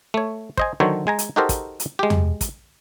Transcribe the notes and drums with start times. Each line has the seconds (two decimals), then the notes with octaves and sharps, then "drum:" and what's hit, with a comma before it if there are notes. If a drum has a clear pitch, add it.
0.14 A3 C#5
0.57 C5 D#5 G#5, drum: kick
0.80 D3 D#3 F#3 A4 C5 C#5
1.07 G#3 G#5 A#5
1.19 drum: hi-hat
1.36 D#4 F#4 G4 A4 A#4 C5
1.49 drum: kick, hi-hat
1.80 drum: hi-hat
1.99 G#3 G4
2.10 drum: tom E2
2.41 drum: kick, hi-hat